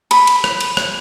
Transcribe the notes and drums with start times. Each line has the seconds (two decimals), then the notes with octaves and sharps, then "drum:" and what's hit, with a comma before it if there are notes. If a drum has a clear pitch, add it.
0.11 B5, drum: cymbal
0.27 drum: cymbal
0.44 drum: rim click
0.61 drum: cymbal
0.77 drum: rim click